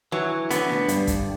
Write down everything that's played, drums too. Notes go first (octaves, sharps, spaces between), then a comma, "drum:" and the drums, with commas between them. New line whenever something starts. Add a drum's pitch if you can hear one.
E3 F#3
D3 B3, drum: hi-hat
drum: snare
G2, drum: hi-hat
drum: kick, hi-hat